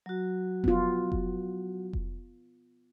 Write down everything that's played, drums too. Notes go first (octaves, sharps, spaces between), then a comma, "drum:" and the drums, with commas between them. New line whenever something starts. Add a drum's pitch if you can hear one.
F#3 F#4
B3 F4, drum: kick F1
drum: kick F1
drum: kick F1